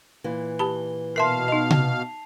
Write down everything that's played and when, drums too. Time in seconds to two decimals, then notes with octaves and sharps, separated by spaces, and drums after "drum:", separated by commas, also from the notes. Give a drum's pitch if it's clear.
0.24 A#2 E3
0.59 G4 A5 B5 G7
1.16 B2 A#4 E5 F5 A5 C6 C7
1.48 D#4 D#5 F7
1.71 drum: tom C3